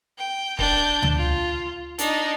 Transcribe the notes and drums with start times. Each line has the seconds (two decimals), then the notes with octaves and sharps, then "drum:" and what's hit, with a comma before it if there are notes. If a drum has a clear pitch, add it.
0.18 G5
0.59 D4 G6, drum: kick C#1
1.02 drum: tom D2
1.17 F4
1.99 D4 D#4, drum: hi-hat